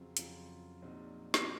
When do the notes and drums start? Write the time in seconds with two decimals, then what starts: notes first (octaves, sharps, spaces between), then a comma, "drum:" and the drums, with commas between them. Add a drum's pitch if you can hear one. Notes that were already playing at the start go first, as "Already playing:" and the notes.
Already playing: F2 C#3 F#3 C4 F4
0.17 F2 C#3 F#3 C4 F4, drum: hi-hat
0.82 A#1 A#2 F#3 C4 D#4
1.34 drum: snare